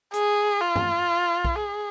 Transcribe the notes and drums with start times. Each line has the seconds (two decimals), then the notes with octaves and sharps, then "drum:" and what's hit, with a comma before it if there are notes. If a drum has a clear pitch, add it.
0.13 G#4, drum: hi-hat
0.61 F4
0.76 drum: tom G2
1.45 drum: kick B1
1.56 G#4